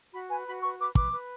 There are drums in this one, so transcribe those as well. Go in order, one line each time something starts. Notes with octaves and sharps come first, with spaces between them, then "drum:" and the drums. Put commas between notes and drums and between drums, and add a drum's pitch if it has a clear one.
F#4 B5
B4 G#5
F#4 B5
B4 C#6
B4 D6
B4 D6, drum: kick
B4